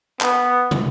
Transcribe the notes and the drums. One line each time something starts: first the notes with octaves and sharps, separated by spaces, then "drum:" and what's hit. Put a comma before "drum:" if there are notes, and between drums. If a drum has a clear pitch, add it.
B3, drum: clap
drum: tom